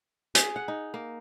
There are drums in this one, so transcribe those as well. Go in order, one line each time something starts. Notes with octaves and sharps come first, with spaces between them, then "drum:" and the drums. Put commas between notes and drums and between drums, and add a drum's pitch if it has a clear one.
G#4, drum: hi-hat
F#5
D#4
A#3